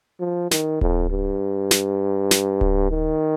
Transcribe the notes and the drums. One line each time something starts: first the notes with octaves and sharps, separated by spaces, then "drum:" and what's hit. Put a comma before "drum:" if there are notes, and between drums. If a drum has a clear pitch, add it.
F3
D#3, drum: snare
F2, drum: kick D1
G2
drum: snare
drum: snare
drum: kick D1
D#3